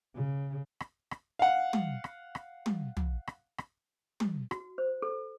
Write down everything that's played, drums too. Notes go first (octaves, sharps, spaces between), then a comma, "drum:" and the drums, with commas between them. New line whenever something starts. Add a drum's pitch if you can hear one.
C#3
drum: rim click
drum: rim click
F5 F#5
drum: tom
drum: rim click
drum: rim click
drum: tom
drum: tom
drum: rim click
drum: rim click
drum: tom
F#4, drum: rim click
C5
A4